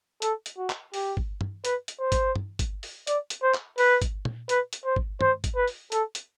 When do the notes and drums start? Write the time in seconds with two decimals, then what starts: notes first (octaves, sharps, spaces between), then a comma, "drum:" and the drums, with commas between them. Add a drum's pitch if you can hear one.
0.22 A4, drum: hi-hat
0.46 drum: hi-hat
0.58 F#4
0.70 drum: clap
0.94 G4, drum: open hi-hat
1.17 drum: kick G1
1.41 drum: tom
1.65 B4, drum: hi-hat
1.88 drum: hi-hat
2.00 C5
2.12 drum: kick G1, hi-hat
2.36 drum: tom
2.59 drum: kick G1, hi-hat
2.83 drum: open hi-hat
3.07 D5, drum: hi-hat
3.30 drum: hi-hat
3.42 C5
3.54 drum: clap
3.78 B4, drum: open hi-hat
4.02 drum: kick G1, hi-hat
4.25 drum: tom
4.49 B4, drum: hi-hat
4.73 drum: hi-hat
4.84 C5
4.96 drum: kick G1
5.21 C5, drum: tom
5.44 drum: kick G1, hi-hat
5.55 B4
5.68 drum: open hi-hat
5.92 A4, drum: hi-hat
6.15 drum: hi-hat